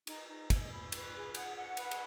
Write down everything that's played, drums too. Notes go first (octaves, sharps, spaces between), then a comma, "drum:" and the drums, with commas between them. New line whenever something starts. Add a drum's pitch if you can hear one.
D#4, drum: cymbal
D#4
D#5, drum: kick, cymbal
B5
B4, drum: cymbal
G#4
F#5, drum: cymbal
F#5
B4, drum: cymbal
drum: cymbal